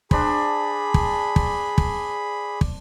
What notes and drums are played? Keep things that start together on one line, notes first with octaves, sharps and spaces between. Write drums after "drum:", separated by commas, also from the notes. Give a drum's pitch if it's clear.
D4 G#4 C5 B5, drum: kick
drum: kick
drum: kick
drum: kick
drum: kick